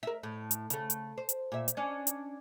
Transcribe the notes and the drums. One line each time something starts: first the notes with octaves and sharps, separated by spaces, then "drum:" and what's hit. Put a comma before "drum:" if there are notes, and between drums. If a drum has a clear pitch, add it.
A#4 E5
A2
drum: hi-hat
C#3 A3, drum: hi-hat
drum: hi-hat
C5
drum: hi-hat
A#2 E5
drum: hi-hat
C#4 D4
drum: hi-hat